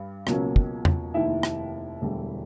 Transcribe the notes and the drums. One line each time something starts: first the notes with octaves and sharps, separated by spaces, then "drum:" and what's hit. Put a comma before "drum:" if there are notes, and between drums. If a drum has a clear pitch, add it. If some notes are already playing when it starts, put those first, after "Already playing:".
Already playing: G2 G3
C#2 B2 F#3 A#3 C#4, drum: rim click
drum: kick
drum: tom E2
F1 D#2 D#3 E4 E5
drum: rim click
E1 D2 D3 G3